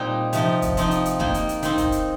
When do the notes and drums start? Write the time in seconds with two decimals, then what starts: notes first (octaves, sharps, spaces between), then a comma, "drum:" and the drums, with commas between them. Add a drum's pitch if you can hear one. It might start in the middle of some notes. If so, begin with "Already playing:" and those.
Already playing: A#2 G3 C4 D#4
0.33 C3 F3 D#4, drum: hi-hat
0.62 drum: kick, hi-hat
0.77 F3 C4 D#4, drum: hi-hat
0.91 drum: hi-hat
1.05 drum: hi-hat
1.20 D#3 A#3 D#4, drum: kick
1.34 drum: hi-hat
1.49 drum: hi-hat
1.63 D#3 C4 D#4, drum: hi-hat
1.78 drum: kick, hi-hat
1.92 drum: hi-hat